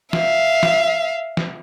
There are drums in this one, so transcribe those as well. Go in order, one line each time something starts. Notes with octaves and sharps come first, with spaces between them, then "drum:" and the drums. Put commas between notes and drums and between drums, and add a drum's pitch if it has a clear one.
E5 F5, drum: snare
drum: snare
drum: snare